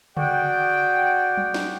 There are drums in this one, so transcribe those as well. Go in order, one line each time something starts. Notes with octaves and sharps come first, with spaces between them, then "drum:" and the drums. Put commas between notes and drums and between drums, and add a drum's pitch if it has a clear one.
F#4 G#4 D5 F#5 G5, drum: tom C#3
drum: tom F#3
drum: snare